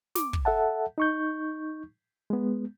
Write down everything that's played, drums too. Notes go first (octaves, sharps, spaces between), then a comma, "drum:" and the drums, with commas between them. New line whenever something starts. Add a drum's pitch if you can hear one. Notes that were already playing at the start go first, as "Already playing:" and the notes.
D6, drum: snare
drum: kick
A4 E5 F#5 A5
D#4 C#6 G6
G#3 B3